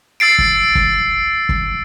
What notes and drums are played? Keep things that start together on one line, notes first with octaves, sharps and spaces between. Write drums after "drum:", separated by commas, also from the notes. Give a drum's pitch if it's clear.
E6 A6 C7 D7
drum: kick
drum: kick
drum: kick